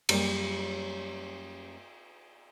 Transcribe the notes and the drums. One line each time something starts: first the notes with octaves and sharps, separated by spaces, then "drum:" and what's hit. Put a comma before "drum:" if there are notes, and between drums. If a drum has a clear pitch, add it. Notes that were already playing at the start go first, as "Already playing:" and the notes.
F#2 G3 A#3 C#5, drum: cymbal